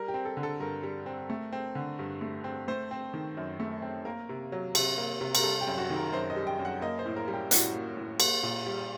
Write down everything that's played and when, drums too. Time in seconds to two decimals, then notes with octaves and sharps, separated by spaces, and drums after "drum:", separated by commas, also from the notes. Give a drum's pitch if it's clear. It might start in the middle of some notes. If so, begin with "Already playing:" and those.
Already playing: G3 A#4
0.08 G4
0.14 C4
0.25 A4
0.37 D3
0.43 A4
0.60 G2 A#4
0.83 G3
1.06 C4
1.30 A3
1.53 C4
1.75 D3
1.99 G2
2.21 A3
2.44 C4
2.68 A3 C5
2.91 C4
3.14 D#3
3.37 F#2
3.60 A3
3.82 C4
4.05 A#3 A#4
4.29 C3
4.52 F#3
4.75 C3, drum: cymbal
4.98 A#3
5.21 C3
5.35 A#4, drum: cymbal
5.43 G3 A4
5.61 G4
5.67 F#2
5.78 F#4
5.90 D#3
5.96 A#4
6.12 F#2 C5
6.30 D#5
6.36 G3
6.47 G5
6.59 F#2
6.65 F#5
6.82 A#3 D#5
6.99 C5
7.06 A2
7.16 A#4
7.28 G3
7.33 G4
7.51 A2 F#4, drum: hi-hat
7.74 A#3
7.97 A2
8.20 A#3, drum: cymbal
8.43 A#2
8.67 G3